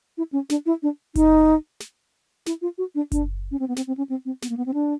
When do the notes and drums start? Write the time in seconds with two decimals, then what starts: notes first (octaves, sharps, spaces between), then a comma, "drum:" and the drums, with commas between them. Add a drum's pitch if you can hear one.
0.18 E4
0.33 C#4
0.50 D4, drum: snare
0.66 E4
0.83 D4
1.15 D#4, drum: kick F#1, hi-hat
1.80 drum: snare
2.46 E4, drum: snare
2.62 F4
2.78 F#4
2.95 D4
3.12 D4, drum: kick F#1, hi-hat
3.51 C#4
3.60 C4
3.68 B3
3.76 C4, drum: snare
3.87 C4
3.98 C#4
4.09 C4
4.25 C4
4.42 B3, drum: snare
4.49 A#3
4.57 B3
4.66 C4
4.74 D4